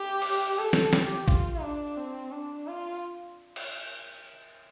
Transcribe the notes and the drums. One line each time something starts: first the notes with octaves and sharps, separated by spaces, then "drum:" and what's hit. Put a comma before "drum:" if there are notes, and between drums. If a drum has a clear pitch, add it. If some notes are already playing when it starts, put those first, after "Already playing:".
Already playing: G4
drum: cymbal
A4
drum: snare
G4, drum: snare
F4, drum: kick
D4
C4
D4
F4
drum: cymbal